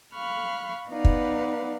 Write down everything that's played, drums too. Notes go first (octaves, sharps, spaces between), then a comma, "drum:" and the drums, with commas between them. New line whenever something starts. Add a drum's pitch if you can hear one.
F5 B5 C#6 F6 F#6
B3 D#4 B4 D5 F5 F#5
drum: kick